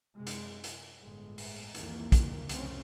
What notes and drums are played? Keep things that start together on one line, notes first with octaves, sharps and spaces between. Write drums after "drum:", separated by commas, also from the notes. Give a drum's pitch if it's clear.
F#2 C3 G#3
drum: hi-hat
drum: hi-hat
G1 A2 G#3
drum: open hi-hat
C2 F2 C3 D#3 E3 A#3, drum: hi-hat
drum: kick, hi-hat
F1 C2 C#3 C4 C#4, drum: hi-hat